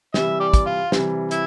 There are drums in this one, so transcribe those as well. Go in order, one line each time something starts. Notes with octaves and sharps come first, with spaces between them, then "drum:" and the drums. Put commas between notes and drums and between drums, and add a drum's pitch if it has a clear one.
C3 E3 G3 E5, drum: snare
G4 D5
drum: kick, hi-hat
F4
C3 E3 G3, drum: snare
E4, drum: hi-hat